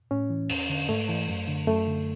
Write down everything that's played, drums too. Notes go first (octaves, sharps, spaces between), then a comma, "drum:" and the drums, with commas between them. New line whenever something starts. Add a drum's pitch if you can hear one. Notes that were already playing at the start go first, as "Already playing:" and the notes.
A2 C#4
E3
E2, drum: open hi-hat
D3
G#2 A3
E3
F#2
D3
F#2 A3
D3